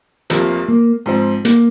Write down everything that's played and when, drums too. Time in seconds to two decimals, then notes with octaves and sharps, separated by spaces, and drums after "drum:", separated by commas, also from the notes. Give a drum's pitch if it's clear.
0.30 F1 F2 C3 F3 A#3, drum: hi-hat
0.68 A#3
1.06 G#2 F3 C4
1.45 A#3, drum: hi-hat